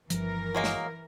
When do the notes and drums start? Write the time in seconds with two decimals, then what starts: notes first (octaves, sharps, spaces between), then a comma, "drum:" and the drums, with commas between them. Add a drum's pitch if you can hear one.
0.10 G1 E3 F3 A#4, drum: hi-hat
0.55 F#3 G#3 A#3
0.64 drum: snare